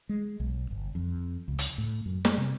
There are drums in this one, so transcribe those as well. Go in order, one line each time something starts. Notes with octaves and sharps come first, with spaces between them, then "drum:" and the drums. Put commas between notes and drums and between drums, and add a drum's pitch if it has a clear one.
G#3
B1
G1
F2
C#2
drum: hi-hat
A2
F#2
G3, drum: snare
C3